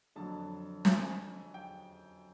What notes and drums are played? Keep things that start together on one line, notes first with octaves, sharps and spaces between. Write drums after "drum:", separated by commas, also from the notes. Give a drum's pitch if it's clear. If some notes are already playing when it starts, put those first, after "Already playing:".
F2 D3 F#3 A5
G#5, drum: snare
G5